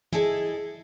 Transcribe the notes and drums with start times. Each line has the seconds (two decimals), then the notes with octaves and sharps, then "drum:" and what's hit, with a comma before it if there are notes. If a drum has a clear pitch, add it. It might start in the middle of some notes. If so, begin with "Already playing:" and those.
0.13 E4 G#4 A4 D5 D#5, drum: tom